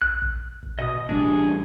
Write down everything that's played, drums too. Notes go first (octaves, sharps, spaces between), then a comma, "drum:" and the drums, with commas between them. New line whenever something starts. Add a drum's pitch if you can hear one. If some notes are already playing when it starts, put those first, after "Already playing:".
F#6, drum: kick
drum: kick
drum: kick
B2 D#5 D#6
A1 G3 D4 G#4